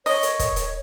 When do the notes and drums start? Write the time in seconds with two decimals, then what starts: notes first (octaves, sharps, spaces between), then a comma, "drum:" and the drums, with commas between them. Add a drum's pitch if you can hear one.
0.06 C#5 D#5, drum: open hi-hat
0.23 drum: hi-hat
0.39 drum: kick, hi-hat
0.56 drum: hi-hat